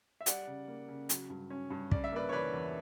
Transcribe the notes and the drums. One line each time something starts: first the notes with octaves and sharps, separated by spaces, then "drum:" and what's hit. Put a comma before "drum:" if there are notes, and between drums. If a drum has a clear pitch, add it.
E5
G3 D5 F#5, drum: hi-hat
C#3
A#3
C#3
F#3, drum: hi-hat
G2
C#4
G2
C#3 D5, drum: kick
E5
A#3 B4 D5
C#5
E3 B4 D5
E2